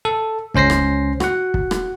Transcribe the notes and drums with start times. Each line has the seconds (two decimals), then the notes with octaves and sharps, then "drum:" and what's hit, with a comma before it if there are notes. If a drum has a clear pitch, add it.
0.05 A4
0.54 C#2 C#4 C5 A#6 C7, drum: kick
0.70 drum: rim click
1.20 F#4 F#5, drum: rim click
1.54 drum: kick
1.71 drum: rim click